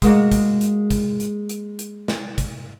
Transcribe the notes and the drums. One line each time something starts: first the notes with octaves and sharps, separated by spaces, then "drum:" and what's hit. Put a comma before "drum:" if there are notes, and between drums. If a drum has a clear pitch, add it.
G#3 A#3 F#4, drum: kick, hi-hat
drum: kick, hi-hat
drum: hi-hat
drum: kick, hi-hat
drum: hi-hat
drum: hi-hat
drum: hi-hat
drum: snare
drum: kick, hi-hat